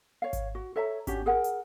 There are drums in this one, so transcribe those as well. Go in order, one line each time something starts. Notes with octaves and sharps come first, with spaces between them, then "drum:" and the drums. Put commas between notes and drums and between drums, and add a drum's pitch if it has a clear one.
C#5 F5
drum: kick G#1, hi-hat
F#4
A4 C#5 E5 A#5
C#4 D4 F#4 G4, drum: kick G#1, hi-hat
G#4 A#4 F#5
drum: hi-hat